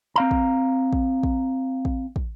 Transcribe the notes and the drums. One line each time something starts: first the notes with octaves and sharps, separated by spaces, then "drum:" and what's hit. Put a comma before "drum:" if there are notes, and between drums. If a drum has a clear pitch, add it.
C4 F5 A#5
drum: kick
drum: kick
drum: kick
drum: kick
drum: kick